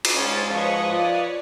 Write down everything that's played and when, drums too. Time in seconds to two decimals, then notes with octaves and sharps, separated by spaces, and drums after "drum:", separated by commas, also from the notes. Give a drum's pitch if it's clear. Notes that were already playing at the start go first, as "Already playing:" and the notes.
0.05 drum: cymbal
0.14 G#2 C#4 F4 C6 A6
0.50 F3 B4 C#5 D#5 C#6
0.91 F4 C#5 D5